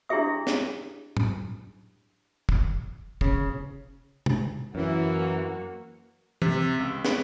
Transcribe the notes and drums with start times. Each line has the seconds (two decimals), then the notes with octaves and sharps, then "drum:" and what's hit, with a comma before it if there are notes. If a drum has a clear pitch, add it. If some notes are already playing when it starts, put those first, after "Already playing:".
0.09 D4 E4 G4 G#4 E5 D#6
0.47 drum: snare
1.17 drum: tom
2.49 drum: kick
3.21 C#3, drum: kick
4.26 drum: tom
4.75 F#2 E3 A#3 F#4
6.42 C3, drum: tom
6.79 C#2
7.05 B4, drum: snare